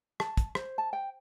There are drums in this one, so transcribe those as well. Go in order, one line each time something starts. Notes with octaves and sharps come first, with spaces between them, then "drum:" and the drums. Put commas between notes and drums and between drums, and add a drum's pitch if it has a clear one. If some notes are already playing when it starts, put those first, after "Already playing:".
A5, drum: rim click
drum: kick, hi-hat
C5, drum: rim click
A5
G5